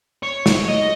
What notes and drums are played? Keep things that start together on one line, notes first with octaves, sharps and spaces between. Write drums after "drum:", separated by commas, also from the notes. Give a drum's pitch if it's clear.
C#5
drum: snare
D#5